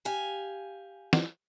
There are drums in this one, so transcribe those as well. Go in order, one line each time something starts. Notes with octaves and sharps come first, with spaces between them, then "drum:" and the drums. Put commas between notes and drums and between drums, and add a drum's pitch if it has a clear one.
G4 F5 G#5
drum: snare